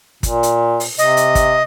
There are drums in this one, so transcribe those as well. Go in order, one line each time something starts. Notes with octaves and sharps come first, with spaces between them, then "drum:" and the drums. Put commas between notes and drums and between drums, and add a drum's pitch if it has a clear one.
A#2, drum: kick, hi-hat
drum: hi-hat
drum: open hi-hat
C3 D#5, drum: hi-hat
drum: hi-hat
drum: kick, hi-hat